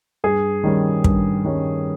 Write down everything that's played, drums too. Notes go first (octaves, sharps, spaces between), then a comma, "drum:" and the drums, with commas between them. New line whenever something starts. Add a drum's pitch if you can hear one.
G2 G#4
D#3 G3 C#4
G2, drum: kick
D#3 G3 C#4